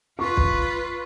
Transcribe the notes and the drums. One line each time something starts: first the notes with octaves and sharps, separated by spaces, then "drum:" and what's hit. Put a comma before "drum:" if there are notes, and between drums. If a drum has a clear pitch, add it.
F4 B4 C#6
drum: kick